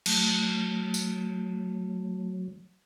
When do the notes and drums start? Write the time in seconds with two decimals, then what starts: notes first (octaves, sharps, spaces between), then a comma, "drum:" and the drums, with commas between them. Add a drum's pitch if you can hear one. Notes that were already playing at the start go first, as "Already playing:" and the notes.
0.06 F#3 A3, drum: cymbal
0.94 drum: tambourine